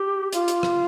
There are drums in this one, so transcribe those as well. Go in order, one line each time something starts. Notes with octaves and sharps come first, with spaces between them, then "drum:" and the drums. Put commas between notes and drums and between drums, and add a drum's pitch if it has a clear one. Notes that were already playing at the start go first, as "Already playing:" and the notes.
Already playing: G4
F4, drum: hi-hat
drum: hi-hat
drum: rim click